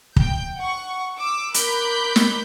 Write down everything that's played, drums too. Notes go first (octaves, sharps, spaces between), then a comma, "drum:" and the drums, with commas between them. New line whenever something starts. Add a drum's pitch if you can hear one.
G5 G6, drum: kick
F#5 C#6
D6 E6
A#4 B5 D6 F#6 G6 B6, drum: hi-hat
drum: snare